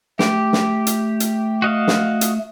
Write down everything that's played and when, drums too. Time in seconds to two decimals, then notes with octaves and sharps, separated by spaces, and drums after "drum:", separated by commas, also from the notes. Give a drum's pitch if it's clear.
0.19 A3 G4, drum: snare
0.53 drum: snare
0.87 drum: hi-hat
1.20 drum: hi-hat
1.62 F#4 D#5 F5
1.88 drum: snare
2.21 drum: hi-hat